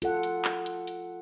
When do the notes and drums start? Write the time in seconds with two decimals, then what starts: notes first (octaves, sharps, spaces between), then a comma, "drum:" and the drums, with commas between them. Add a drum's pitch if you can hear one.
0.02 F4 A4 F#5, drum: hi-hat
0.23 drum: hi-hat
0.45 drum: clap
0.66 drum: hi-hat
0.87 drum: hi-hat